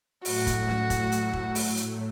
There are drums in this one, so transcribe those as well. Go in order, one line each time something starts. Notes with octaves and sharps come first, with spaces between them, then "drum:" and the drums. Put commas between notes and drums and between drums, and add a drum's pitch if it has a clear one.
A2 F#3 A3 F#4, drum: open hi-hat
drum: kick, hi-hat
drum: snare
drum: kick, hi-hat
drum: hi-hat
drum: kick
drum: open hi-hat
drum: hi-hat